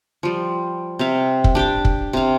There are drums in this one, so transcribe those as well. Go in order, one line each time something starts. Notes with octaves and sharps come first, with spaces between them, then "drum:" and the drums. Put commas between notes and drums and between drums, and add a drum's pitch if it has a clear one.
F3 G3
C3 E5 F5
drum: kick
D4 G4 G5 D6
drum: kick
C3 F5